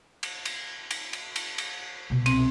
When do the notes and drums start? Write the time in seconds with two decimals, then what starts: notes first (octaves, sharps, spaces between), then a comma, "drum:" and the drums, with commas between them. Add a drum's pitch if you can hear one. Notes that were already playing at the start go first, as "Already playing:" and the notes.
0.23 drum: cymbal
0.45 drum: cymbal
0.91 drum: cymbal
1.13 drum: cymbal
1.36 drum: cymbal
1.58 drum: cymbal
2.10 C2 B2
2.26 C4, drum: cymbal